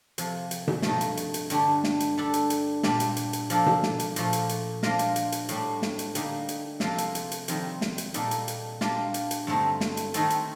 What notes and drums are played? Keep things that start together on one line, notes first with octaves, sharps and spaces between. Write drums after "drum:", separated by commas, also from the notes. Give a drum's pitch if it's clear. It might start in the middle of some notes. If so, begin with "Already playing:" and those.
F2 C3 F3, drum: hi-hat
drum: hi-hat
drum: tom B2
G2 F3 A3 D#4, drum: snare
drum: hi-hat
drum: hi-hat
drum: hi-hat
G2 D3 A3 D4 G4, drum: hi-hat
drum: snare
drum: hi-hat
G3 D4 A4
drum: hi-hat
drum: hi-hat
A#2 G3 D4, drum: snare
drum: hi-hat
drum: hi-hat
drum: hi-hat
F3 A#3 D4 A4, drum: hi-hat
drum: tom B2
drum: snare
drum: hi-hat
A#2 F3 A3, drum: hi-hat
drum: hi-hat
drum: hi-hat
F3 A#3 D4 F4 A#4, drum: snare
drum: hi-hat
drum: hi-hat
drum: hi-hat
A2 G3 D4, drum: hi-hat
drum: snare
drum: hi-hat
D3 G3 A#3 D#4, drum: hi-hat
drum: hi-hat
C3 F3 A#3 F4 A4, drum: snare
drum: hi-hat
drum: hi-hat
drum: hi-hat
F2 D#3 G3 C4 D#4, drum: hi-hat
drum: snare
drum: hi-hat
A#2 G3 A#3 D#4 A4, drum: hi-hat
drum: hi-hat
drum: hi-hat
G3 A#3 D4 F4, drum: snare
drum: hi-hat
drum: hi-hat
G2 D3 A3 C4 D#4
drum: snare
drum: hi-hat
D#3 A3 C4 D#4 A4, drum: hi-hat
drum: hi-hat